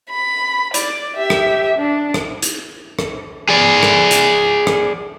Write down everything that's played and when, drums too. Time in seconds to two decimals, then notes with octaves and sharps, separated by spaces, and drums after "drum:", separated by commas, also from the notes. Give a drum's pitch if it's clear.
0.11 B5
0.74 D5, drum: hi-hat
1.16 G4 E5
1.30 drum: rim click
1.78 D4
2.14 drum: rim click
2.42 drum: hi-hat
2.99 drum: rim click
3.49 G#4 D5
3.83 drum: rim click
4.11 drum: hi-hat
4.67 drum: rim click